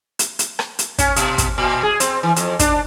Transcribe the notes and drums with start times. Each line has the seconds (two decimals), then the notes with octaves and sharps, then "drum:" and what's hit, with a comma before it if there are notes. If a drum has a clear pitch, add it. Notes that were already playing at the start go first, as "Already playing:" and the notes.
0.19 drum: hi-hat
0.39 drum: hi-hat
0.59 drum: rim click
0.79 drum: hi-hat
0.98 C#4, drum: kick, hi-hat
1.16 B2, drum: hi-hat
1.38 drum: kick, hi-hat
1.58 A#2
1.83 G#4
2.00 C4, drum: hi-hat
2.23 E3
2.36 F2, drum: hi-hat
2.59 D4, drum: kick, hi-hat